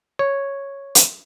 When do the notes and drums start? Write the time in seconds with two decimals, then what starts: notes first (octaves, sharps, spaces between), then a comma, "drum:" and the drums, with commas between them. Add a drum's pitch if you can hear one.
0.19 C#5
0.95 drum: hi-hat